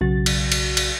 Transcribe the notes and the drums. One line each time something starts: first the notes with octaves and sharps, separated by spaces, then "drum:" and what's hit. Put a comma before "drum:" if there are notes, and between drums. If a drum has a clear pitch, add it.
B1 C#3 F#3 F#4 A6
drum: cymbal
drum: cymbal
drum: cymbal